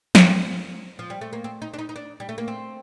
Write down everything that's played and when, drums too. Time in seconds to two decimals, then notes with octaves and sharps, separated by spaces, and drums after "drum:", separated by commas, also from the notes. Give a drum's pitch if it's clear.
0.15 C4, drum: snare
0.99 F3
1.10 G3
1.21 A3
1.33 A#3
1.44 C4
1.62 D#4
1.74 D4
1.79 D#4
1.89 D#4
1.96 D4
2.20 G3
2.29 A3
2.38 A#3
2.48 C4